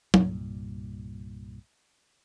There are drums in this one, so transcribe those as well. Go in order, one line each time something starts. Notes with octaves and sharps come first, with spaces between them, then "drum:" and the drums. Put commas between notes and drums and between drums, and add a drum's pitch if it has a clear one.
C2 G2 A#2, drum: tom F#3